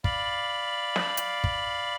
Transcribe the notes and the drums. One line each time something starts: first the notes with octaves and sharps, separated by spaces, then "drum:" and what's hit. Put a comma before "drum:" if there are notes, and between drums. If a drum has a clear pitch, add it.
D5 F5 B5, drum: kick
drum: snare
drum: hi-hat
drum: kick